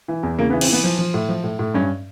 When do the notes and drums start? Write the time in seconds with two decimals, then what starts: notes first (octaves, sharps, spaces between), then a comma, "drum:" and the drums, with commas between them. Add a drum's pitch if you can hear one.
0.08 E3
0.23 E2
0.39 C#3 A#3
0.50 B3
0.53 E3
0.61 C4, drum: cymbal
0.69 E3 B3
0.84 F3
0.99 F3
1.14 A2
1.29 F3
1.44 A2
1.59 A2
1.74 G2 C#4